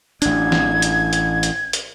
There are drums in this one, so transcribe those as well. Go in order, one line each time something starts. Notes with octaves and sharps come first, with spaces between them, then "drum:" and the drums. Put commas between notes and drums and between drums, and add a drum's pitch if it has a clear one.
A1 D4 G#6, drum: hi-hat
drum: snare
drum: hi-hat
drum: hi-hat
drum: hi-hat
drum: hi-hat